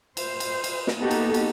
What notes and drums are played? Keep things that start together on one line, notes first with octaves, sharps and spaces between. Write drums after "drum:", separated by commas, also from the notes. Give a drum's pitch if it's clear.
C5, drum: cymbal
drum: cymbal
drum: cymbal
drum: snare
A#3 B3 D#4 F#4 G4 A4
drum: cymbal
drum: cymbal